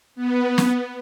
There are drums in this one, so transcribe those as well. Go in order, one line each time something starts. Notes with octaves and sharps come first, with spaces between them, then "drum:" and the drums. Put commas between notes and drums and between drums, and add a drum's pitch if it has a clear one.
B3
drum: snare